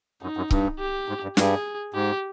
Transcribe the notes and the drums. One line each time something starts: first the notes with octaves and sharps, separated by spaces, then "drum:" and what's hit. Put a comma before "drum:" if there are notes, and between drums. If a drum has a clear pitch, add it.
F#2 D#4
F#2
G2, drum: kick C#1
G4
G#2
G2
G2 G#4, drum: snare
G#2 G4